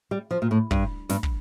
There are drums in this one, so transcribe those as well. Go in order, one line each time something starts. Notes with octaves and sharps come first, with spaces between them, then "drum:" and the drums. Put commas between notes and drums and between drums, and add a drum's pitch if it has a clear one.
G3
F3
A#2
A2
G2, drum: kick
G2, drum: snare
drum: kick